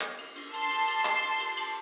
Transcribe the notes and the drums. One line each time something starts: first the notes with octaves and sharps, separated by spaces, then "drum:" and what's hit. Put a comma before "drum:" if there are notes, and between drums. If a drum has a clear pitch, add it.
drum: clap
drum: cymbal
drum: cymbal
A5 C6, drum: cymbal
drum: cymbal
drum: cymbal
drum: clap
drum: cymbal
drum: cymbal
drum: cymbal